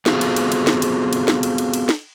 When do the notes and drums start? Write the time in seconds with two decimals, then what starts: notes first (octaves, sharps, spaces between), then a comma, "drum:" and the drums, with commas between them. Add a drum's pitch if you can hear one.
0.06 B3 C4 F4 F#4 G#4 A4, drum: snare
0.21 drum: cymbal
0.36 drum: cymbal
0.52 drum: cymbal
0.67 drum: snare
0.82 drum: cymbal
1.13 drum: cymbal
1.28 drum: snare
1.43 drum: cymbal
1.58 drum: cymbal
1.74 drum: cymbal
1.89 drum: snare